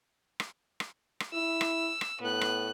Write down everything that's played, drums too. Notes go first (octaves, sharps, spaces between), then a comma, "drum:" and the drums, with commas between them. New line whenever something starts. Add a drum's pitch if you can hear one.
drum: rim click
drum: rim click
drum: rim click
E4 E6
drum: rim click
drum: rim click
A2 B3 F#6
drum: rim click